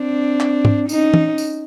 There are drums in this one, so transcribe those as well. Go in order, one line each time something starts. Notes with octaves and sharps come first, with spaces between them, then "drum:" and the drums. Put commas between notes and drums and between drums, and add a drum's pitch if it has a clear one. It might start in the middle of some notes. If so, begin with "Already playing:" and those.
Already playing: C4 D4
drum: clap
drum: tom
C#4 D#4, drum: tambourine
drum: tom
drum: tambourine